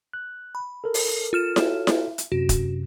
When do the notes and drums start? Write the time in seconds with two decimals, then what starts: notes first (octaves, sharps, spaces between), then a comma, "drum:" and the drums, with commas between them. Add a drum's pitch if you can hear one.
0.13 F#6
0.55 B5
0.84 A4 A#4
0.94 drum: open hi-hat
1.33 F4 F6 E7
1.56 F#4 A4 C#5, drum: snare E4
1.87 drum: snare E4
2.18 drum: hi-hat
2.32 F#2 C3 F#4
2.49 drum: kick, hi-hat